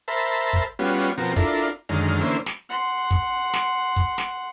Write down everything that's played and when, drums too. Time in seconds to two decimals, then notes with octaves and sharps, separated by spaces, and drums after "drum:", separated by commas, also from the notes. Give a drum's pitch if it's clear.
0.08 A#4 C5 E5 A5 B5
0.53 drum: kick
0.79 G3 B3 C#4 F4 F#4
1.18 B2 F3 C4 F#4 A#4
1.36 D4 E4 F4 A4 A#4, drum: kick
1.89 F#2 D3 D#3 G#3 F6
2.21 D3 E3 A#3 C#4 C5 E6
2.46 drum: snare
2.69 F#5 C6
3.11 drum: kick
3.54 drum: snare
3.96 drum: kick
4.18 drum: snare